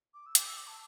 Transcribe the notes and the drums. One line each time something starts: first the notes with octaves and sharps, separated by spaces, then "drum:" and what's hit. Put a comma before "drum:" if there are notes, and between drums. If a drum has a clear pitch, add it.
D6
E6
D6, drum: hi-hat
E6
D6
A5